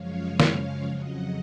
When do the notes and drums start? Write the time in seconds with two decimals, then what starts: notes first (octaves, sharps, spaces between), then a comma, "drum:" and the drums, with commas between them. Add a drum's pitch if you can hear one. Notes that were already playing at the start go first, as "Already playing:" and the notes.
Already playing: F#2 C#3 F3 G#3 C#5 F5
0.40 drum: snare
0.86 F2 C#3 F#3 D#5 F#5